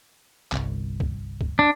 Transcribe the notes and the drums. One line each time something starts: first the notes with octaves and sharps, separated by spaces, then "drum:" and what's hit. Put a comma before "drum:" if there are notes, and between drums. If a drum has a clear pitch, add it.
G1 C2, drum: clap
drum: kick
drum: kick
D4